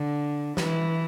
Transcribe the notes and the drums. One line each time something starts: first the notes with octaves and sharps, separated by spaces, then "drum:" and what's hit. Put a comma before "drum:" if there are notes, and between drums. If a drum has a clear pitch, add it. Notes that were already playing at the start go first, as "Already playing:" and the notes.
Already playing: D3
E3, drum: snare